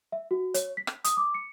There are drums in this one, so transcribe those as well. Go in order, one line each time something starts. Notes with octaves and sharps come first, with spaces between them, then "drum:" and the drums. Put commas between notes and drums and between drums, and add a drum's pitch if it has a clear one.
E5
F#4
C#5, drum: hi-hat
B6
drum: rim click
D#6, drum: hi-hat
D6
C#7